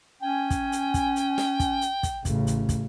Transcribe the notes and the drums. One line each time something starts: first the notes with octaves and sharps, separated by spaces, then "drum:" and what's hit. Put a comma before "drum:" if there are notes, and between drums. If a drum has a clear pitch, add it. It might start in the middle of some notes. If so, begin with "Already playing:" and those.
C#4 G5 G#5
drum: kick, hi-hat
drum: hi-hat
drum: kick, hi-hat
drum: hi-hat
drum: snare
drum: kick, hi-hat
drum: hi-hat
drum: kick, hi-hat
A1 C#3, drum: kick, hi-hat
drum: hi-hat
drum: kick, hi-hat